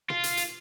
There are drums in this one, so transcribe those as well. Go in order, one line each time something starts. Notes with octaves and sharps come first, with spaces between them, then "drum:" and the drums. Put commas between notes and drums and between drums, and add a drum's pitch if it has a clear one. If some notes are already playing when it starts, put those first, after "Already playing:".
F4, drum: tom B2
drum: hi-hat
drum: hi-hat